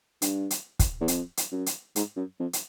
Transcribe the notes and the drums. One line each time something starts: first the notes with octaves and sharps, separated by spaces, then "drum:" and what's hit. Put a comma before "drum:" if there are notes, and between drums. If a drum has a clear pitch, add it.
G2, drum: hi-hat
drum: hi-hat
drum: kick, hi-hat
E2
F2, drum: hi-hat
drum: hi-hat
F#2
drum: hi-hat
G#2, drum: hi-hat
F#2
F2
drum: hi-hat